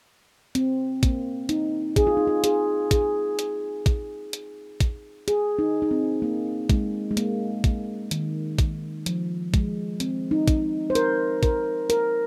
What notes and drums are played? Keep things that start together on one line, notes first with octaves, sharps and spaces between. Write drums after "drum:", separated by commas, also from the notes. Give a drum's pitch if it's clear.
C4, drum: hi-hat
A#3, drum: kick, hi-hat
D#4, drum: hi-hat
G#4, drum: kick, hi-hat
F4
D#4
F4
G#4, drum: hi-hat
G#4, drum: kick, hi-hat
drum: hi-hat
drum: kick, hi-hat
drum: hi-hat
drum: kick, hi-hat
G#4, drum: hi-hat
D#4
D#4
C4
A#3
G#3, drum: kick, hi-hat
G#3
A#3, drum: hi-hat
drum: kick, hi-hat
D#3, drum: hi-hat
drum: kick, hi-hat
F3, drum: hi-hat
G#3, drum: kick, hi-hat
C4, drum: hi-hat
D#4
drum: kick, hi-hat
C5
A#4, drum: hi-hat
A#4, drum: kick, hi-hat
A#4, drum: hi-hat